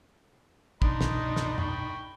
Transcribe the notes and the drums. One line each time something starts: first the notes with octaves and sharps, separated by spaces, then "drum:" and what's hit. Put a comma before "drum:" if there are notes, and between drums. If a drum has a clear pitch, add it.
G1 C2 B2 D4 D#4 D#5 B5 C6, drum: kick
drum: snare
drum: snare
G5 B5 C#6, drum: tom